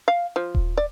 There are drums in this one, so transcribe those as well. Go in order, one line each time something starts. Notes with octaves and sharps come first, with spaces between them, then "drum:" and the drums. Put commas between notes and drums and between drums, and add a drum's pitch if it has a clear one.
F5
F3
drum: kick D#1
D5